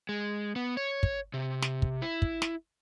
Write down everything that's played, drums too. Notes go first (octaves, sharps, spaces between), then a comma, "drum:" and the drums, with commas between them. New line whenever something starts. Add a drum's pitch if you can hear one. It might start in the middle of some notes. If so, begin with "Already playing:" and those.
G#3
B3
C#5
drum: kick
C3
drum: snare
drum: kick
E4
drum: kick
drum: snare